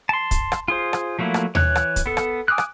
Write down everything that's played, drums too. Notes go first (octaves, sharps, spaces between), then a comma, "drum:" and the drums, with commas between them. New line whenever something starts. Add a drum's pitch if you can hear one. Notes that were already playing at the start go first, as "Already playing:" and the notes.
A5 C6
drum: kick, hi-hat
drum: rim click
F4 G#4 C5
drum: rim click
F3 F#3 A3 A#3 E4
drum: rim click
E3 C#5 F#6, drum: tom D#2
drum: rim click
drum: kick, hi-hat
B3 A4
drum: rim click
G#5 D6 D#6 F6 F#6
drum: rim click